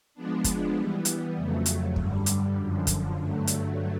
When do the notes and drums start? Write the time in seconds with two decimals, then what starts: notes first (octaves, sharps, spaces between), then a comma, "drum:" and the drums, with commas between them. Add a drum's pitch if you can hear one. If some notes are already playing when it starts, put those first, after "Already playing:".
0.14 F3 G#3 B3 D4
0.44 drum: kick, hi-hat
0.74 E3 G3 B3
1.05 drum: hi-hat
1.36 F2 C#3 F#3 A3
1.66 drum: hi-hat
1.96 G2 D3 G3, drum: kick
2.26 drum: hi-hat
2.56 F#2 D3 F3
2.87 drum: kick, hi-hat
3.17 G2 D3 F#3 A3
3.47 drum: hi-hat